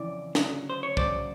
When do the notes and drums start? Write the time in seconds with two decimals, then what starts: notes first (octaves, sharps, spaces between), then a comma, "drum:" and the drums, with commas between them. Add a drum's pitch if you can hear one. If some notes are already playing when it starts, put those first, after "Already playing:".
Already playing: F2 C#3 E3 D5
0.35 D2 C#3 F#3, drum: snare
0.70 C5
0.83 C#5
0.97 D2 C#3 F#3 C5 D5, drum: kick